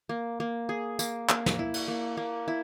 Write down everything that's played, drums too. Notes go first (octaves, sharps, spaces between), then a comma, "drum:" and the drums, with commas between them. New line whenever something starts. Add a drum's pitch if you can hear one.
A#3
A#3
G#4
A#3, drum: tambourine
A#3, drum: clap
drum: snare
E4
drum: cymbal
A#3
A#3
E4